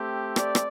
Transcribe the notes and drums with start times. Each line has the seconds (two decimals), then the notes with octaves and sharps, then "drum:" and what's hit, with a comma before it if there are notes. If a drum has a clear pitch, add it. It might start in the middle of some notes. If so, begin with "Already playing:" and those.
Already playing: A3 C4 G4
0.36 D5, drum: rim click
0.55 drum: rim click